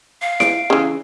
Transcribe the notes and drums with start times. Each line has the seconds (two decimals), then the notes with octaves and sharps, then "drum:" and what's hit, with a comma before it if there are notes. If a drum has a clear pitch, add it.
0.22 F5
0.40 D7, drum: snare E4
0.70 C#3 E3